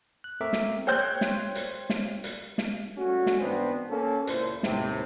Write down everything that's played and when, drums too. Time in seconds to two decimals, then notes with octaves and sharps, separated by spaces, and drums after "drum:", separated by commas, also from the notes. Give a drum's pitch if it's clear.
0.24 F#6
0.41 A3 C4 A#4 E5 D6
0.53 drum: snare
0.87 C5 C#5 G5 F#6 G6
1.21 drum: snare
1.55 drum: hi-hat
1.90 drum: snare
2.24 drum: hi-hat
2.58 drum: snare
2.97 G3 A3 C#4 F#4
3.26 drum: snare
3.40 G#2 E3 B3 C4 D4 C5
3.90 A#3 C#4 A4
4.27 C#2 A#2 E4 C5, drum: hi-hat
4.63 D#2 A2 C3, drum: snare